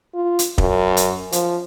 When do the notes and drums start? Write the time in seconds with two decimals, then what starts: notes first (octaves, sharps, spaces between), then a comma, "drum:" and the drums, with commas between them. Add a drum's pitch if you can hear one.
0.14 F4
0.39 drum: hi-hat
0.58 F#2, drum: kick
0.97 drum: hi-hat
1.32 F3, drum: hi-hat